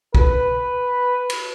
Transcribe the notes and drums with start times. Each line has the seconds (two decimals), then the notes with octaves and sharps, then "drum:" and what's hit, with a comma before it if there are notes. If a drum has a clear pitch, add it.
0.15 B4, drum: kick
1.30 drum: cymbal